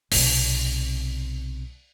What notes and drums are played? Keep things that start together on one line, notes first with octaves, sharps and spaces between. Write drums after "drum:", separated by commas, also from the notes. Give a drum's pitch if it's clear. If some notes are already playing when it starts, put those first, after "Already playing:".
B1 C3, drum: open hi-hat